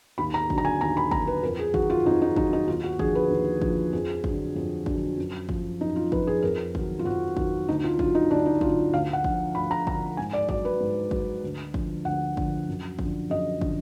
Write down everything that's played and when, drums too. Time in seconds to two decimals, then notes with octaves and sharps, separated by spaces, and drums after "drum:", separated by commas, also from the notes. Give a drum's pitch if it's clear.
0.18 D#2 B5
0.34 A#5
0.50 D3 F#3, drum: kick
0.58 A#5
0.65 G#5
0.81 D#2 A#5
0.97 B5
1.11 D3 F#3 A#5, drum: kick
1.27 B4
1.43 F2 A#4
1.59 G#4
1.74 D#3 F#3 F#4, drum: kick
1.90 F4
2.06 F2 D#4
2.22 D#4
2.36 D#3 F#3 D#4, drum: kick
2.53 D#4
2.68 D#2 F4
2.83 F#4
2.99 D3 F3 G#4, drum: kick
3.15 B4
3.30 D#2
3.62 D3 F3, drum: kick
3.93 F2 G#4
4.24 D3 F#3, drum: kick
4.56 F2 F#4
4.86 D3 F#3, drum: kick
5.18 F#2
5.49 F3, drum: kick
5.81 F#2 D#4
5.96 F4
6.12 F3 B4, drum: kick
6.27 G#4
6.42 F2 A#4
6.75 D#3 F#3, drum: kick
6.99 F4
7.05 F2 F#4
7.37 D#3 F#3, drum: kick
7.69 D2 D#4
7.84 F4
7.99 D3 F#3 F4, drum: kick
8.15 D#4
8.31 D2 D4
8.46 D#4
8.61 D3 F#3 F4, drum: kick
8.94 D2 F5
9.13 F#5
9.24 D3 F3, drum: kick
9.55 D2 B5
9.71 A#5
9.87 D3 F3 A#5, drum: kick
10.17 G#2 G#5
10.33 D5
10.49 F#3 D5, drum: kick
10.65 B4
10.80 G#2
11.11 F#3, drum: kick
11.44 D2
11.74 D3 F3, drum: kick
12.05 D2 F#5
12.37 D3 F3, drum: kick
12.68 F#2
12.99 D3 F3, drum: kick
13.30 F#2 D#5
13.61 D3 F3, drum: kick